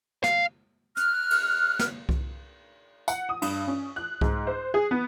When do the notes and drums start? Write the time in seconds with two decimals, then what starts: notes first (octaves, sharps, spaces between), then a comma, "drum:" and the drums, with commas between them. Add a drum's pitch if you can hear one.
0.24 F5, drum: snare
0.97 F6 F#6, drum: hi-hat
1.30 drum: cymbal
1.79 drum: snare
2.09 drum: kick C2
3.08 F#5, drum: tambourine
3.29 D#6
3.42 G2, drum: cymbal
3.67 C#4
3.96 F#6
4.21 G#2, drum: kick C2
4.47 C5
4.74 G#4
4.91 B3